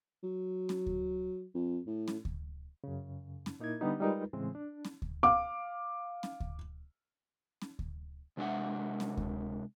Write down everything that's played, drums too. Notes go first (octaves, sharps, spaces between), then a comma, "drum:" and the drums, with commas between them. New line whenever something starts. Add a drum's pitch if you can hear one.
F#3
drum: snare C#4
drum: kick D2
F2
A2
drum: snare C#4
drum: kick D2
F#2 C#3
drum: snare C#4
A#2 A#3 D#4 E4 A#4 G#6
D3 G3 B3 D4 D#4 G4
G3 G#3 D#4 F4 A#4 B4
A2 C#3 E3 G#3 C4
D4
drum: snare C#4
drum: kick D2
F5 D6
drum: snare C#4
drum: kick D2
drum: snare C#4
drum: kick D2
C3 G#3 D4 G#4 E5 F#5
drum: snare C#4
drum: kick D2